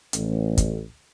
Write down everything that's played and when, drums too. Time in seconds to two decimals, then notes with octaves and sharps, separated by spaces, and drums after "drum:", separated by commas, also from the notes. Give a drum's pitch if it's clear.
0.13 A1, drum: hi-hat
0.58 drum: kick, hi-hat